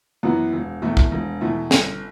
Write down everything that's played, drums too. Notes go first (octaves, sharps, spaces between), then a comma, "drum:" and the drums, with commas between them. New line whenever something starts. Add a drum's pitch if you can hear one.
F#2 E3 B3 F#4
E1
E2 B2 A3 E4
drum: kick
E1
E2 B2 A3 E4
G1, drum: snare